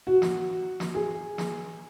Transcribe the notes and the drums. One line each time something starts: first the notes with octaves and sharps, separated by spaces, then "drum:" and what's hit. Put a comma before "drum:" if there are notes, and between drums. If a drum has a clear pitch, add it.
F#4
drum: snare
drum: snare
G#4
drum: snare